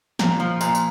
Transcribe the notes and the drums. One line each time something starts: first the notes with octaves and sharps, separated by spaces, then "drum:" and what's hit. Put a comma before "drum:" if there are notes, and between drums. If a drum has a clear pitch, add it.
A#2, drum: snare
F3
A#2, drum: tambourine
drum: tambourine